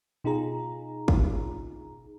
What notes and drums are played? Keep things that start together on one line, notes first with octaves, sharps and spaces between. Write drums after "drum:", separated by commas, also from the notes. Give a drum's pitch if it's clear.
B2 D#4 F4 G#4 A#5
drum: kick